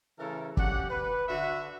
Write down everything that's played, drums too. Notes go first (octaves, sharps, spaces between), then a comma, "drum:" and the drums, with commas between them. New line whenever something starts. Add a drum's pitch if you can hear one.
A2 C#3 E3 E4 A4 A#4
C#4 G4 D5 F#5, drum: kick
B4
D3 F#4 E5